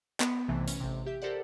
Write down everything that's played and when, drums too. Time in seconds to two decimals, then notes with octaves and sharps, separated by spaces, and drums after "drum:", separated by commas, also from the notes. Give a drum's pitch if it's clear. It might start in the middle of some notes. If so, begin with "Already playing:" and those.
0.20 B3, drum: clap
0.48 B1 C3 E3 A3
0.68 C#4, drum: hi-hat
0.80 A1 C3
1.06 G4 E5 G6
1.22 G4 A4 A#4 C5 D5 F#5